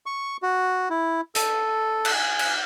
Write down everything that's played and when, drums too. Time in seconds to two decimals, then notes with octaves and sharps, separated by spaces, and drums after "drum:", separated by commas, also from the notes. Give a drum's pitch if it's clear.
0.06 C#6
0.42 F#4
0.90 E4
1.35 A4, drum: hi-hat
2.05 drum: cymbal
2.14 G#5
2.39 drum: cymbal